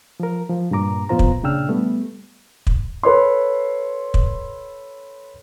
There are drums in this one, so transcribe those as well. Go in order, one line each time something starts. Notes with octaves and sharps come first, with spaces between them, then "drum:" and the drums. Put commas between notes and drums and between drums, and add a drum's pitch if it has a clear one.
F3 A#4
F3
G2 A#2 A#3 A#5 D6
F2 A#2 B3 F4 C5 A#5
drum: kick
A#2 C#3 D4 G5 E6 F6
G3 A3 B3
drum: kick
A4 B4 C#5 C6
drum: kick